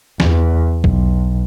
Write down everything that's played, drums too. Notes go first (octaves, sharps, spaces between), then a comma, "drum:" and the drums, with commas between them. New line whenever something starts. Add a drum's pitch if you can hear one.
E2, drum: snare
B1, drum: kick B1